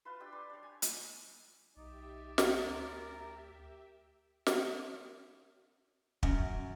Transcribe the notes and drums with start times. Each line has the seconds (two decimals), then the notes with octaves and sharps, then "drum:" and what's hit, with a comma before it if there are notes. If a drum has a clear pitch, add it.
0.05 F4 B4 A5 C6
0.20 D4 G4 E6
0.32 C6 D6
0.50 C#5 D5
0.63 G#5
0.82 drum: hi-hat
1.76 B1 D#4 G4 D5 E5
2.38 drum: snare
2.66 D2 A#4
4.46 drum: snare
6.23 F#2, drum: kick